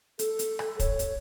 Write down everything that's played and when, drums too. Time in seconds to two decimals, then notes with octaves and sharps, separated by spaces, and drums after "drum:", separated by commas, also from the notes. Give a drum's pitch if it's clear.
0.19 A4, drum: hi-hat
0.39 drum: hi-hat
0.59 drum: rim click
0.80 C#5, drum: kick, hi-hat
0.99 drum: hi-hat